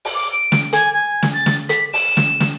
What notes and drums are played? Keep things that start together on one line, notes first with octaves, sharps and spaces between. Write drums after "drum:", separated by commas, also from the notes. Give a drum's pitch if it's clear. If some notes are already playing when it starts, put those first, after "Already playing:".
drum: open hi-hat
D6
D7
drum: snare
G#5, drum: hi-hat
G#5
drum: snare
A6
drum: snare
B6, drum: hi-hat
E7, drum: open hi-hat
drum: snare
drum: snare